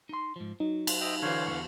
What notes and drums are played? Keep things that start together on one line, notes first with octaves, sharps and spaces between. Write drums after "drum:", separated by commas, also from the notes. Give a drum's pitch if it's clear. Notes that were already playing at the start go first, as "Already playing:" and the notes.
D#4 C6
G#2 F3
F#3 D#4
drum: cymbal
D#5 E5 G5
D3 E3 C5 C#5 F5
E2 G#2 F5 C#6